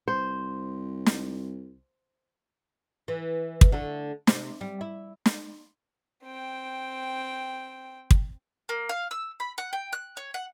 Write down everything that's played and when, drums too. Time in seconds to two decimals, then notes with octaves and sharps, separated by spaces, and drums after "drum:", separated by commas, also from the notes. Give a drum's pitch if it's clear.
0.08 C2 C5
1.06 drum: snare
3.08 E3
3.61 drum: kick
3.72 D3 A3
4.27 C3, drum: snare
4.61 G3
4.81 E4
5.26 drum: snare
6.24 C4 G5
8.11 drum: kick
8.69 A#3
8.89 F5
9.11 E6
9.40 B5
9.58 F#5
9.73 G5
9.93 F#6
10.17 C#5
10.34 F#5